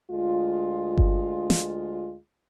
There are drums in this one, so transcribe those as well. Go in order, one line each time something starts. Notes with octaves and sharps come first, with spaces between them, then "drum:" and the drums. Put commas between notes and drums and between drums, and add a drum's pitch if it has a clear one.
D2 G#3 F4
drum: kick G1
drum: snare